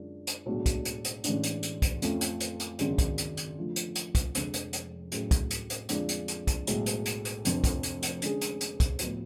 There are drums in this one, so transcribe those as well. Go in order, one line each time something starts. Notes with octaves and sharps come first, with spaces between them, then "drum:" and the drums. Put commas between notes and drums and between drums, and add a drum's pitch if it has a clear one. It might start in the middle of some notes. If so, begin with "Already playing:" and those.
Already playing: F#2 D3 G#3 D4 F4
drum: hi-hat
B1 A2 G#3 D4 F#4
drum: kick, hi-hat
drum: hi-hat
drum: hi-hat
A1 A2 G#3 D4, drum: hi-hat
drum: hi-hat
drum: hi-hat
drum: kick, hi-hat
F2 F3 A3 C#4, drum: hi-hat
drum: hi-hat
drum: hi-hat
drum: hi-hat
G#1 F#2 C#3 G#3 D4, drum: hi-hat
drum: kick, hi-hat
drum: hi-hat
drum: hi-hat
D3 F3 A3 F4
drum: hi-hat
drum: hi-hat
drum: kick, hi-hat
F1 F2 D3 G#3 D4, drum: hi-hat
drum: hi-hat
drum: hi-hat
A2 F#3 C#4 G#4, drum: hi-hat
drum: kick, hi-hat
drum: hi-hat
drum: hi-hat
F2 D3 G#3 D4 F4, drum: hi-hat
drum: hi-hat
drum: hi-hat
drum: kick, hi-hat
B1 A2 G#3, drum: hi-hat
drum: hi-hat
drum: hi-hat
drum: hi-hat
F1 F2 D3, drum: hi-hat
drum: kick, hi-hat
drum: hi-hat
drum: hi-hat
D3 G#3 C#4 G#4, drum: hi-hat
drum: hi-hat
drum: hi-hat
drum: kick, hi-hat
A2 F3 B3 F#4, drum: hi-hat